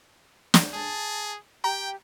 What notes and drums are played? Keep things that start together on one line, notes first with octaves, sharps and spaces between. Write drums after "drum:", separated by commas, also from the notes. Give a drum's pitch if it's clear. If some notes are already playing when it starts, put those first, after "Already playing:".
drum: snare
G#4 A5
G4 G5 A#5